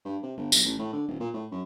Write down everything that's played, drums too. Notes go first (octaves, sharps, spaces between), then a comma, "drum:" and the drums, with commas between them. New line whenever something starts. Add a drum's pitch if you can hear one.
G2
C3
G1
B1, drum: tambourine
A1
A2
D3
D#1
A#2
A2
F#2